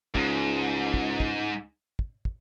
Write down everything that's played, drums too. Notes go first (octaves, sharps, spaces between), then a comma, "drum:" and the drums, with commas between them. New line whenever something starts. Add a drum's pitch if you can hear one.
C#2 G#2, drum: kick
drum: kick
drum: kick
drum: kick
drum: kick